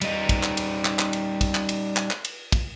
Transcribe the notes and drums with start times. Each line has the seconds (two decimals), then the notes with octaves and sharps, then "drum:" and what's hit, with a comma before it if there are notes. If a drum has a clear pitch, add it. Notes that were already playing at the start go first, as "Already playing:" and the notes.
0.01 G3 D#4, drum: cymbal
0.29 drum: kick, cymbal
0.43 drum: clap
0.57 drum: cymbal
0.85 drum: clap
0.99 drum: clap
1.13 drum: cymbal
1.41 drum: kick, cymbal
1.55 drum: clap
1.69 drum: cymbal
1.97 drum: clap
2.11 drum: clap
2.25 drum: cymbal
2.52 drum: kick, cymbal